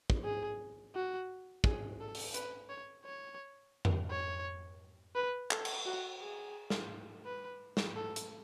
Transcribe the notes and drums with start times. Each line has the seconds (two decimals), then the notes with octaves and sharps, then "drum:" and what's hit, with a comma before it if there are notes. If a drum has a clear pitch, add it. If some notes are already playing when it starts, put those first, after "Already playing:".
0.10 drum: kick
0.24 G#4
0.95 F#4
1.64 G#4, drum: kick
2.00 A4
2.15 drum: open hi-hat
2.34 B4, drum: hi-hat
2.69 C#5
3.05 C#5
3.85 drum: tom F2
4.10 C#5
5.15 B4
5.51 A4, drum: clap
5.65 drum: cymbal
5.86 F#4
6.20 G#4
6.70 drum: snare
7.26 B4
7.77 drum: snare
7.96 A4
8.16 drum: hi-hat